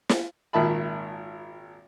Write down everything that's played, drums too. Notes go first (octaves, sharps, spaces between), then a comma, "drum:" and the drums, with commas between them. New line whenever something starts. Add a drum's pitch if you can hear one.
drum: snare
G#1 A#2 D#3 E5 A5 B5